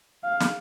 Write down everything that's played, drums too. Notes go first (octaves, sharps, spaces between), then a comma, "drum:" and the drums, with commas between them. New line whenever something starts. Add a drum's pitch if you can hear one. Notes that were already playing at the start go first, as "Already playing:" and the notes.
F5
drum: snare